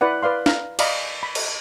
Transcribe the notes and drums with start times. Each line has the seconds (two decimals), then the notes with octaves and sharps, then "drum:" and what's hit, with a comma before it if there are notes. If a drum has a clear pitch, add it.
0.01 E4 B4 D5 F#5
0.23 B4 D5 F5 C6
0.46 F5 A#5, drum: snare
0.79 D5 D#5 F5 A#5 B5, drum: cymbal
1.23 B5
1.35 drum: cymbal